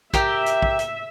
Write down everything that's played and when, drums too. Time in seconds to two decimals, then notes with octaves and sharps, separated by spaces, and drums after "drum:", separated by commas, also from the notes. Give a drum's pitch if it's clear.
0.14 G4 A#4 E5 G5, drum: kick, hi-hat
0.46 drum: hi-hat
0.62 drum: kick
0.79 drum: hi-hat